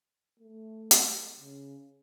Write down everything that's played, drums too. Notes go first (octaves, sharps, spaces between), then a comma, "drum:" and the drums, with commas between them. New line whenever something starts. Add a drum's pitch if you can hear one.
A3
drum: hi-hat
C#3